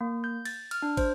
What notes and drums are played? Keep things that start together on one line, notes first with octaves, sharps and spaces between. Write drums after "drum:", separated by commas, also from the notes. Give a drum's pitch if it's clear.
A#3
G6
A6, drum: cymbal
F6, drum: cymbal
D4
C5, drum: kick, cymbal